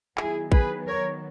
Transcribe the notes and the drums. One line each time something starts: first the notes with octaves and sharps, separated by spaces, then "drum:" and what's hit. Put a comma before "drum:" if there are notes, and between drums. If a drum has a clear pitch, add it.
D#3 F#3 B3 E4 G#4, drum: clap
G#4 B4, drum: kick A1
A#4 C#5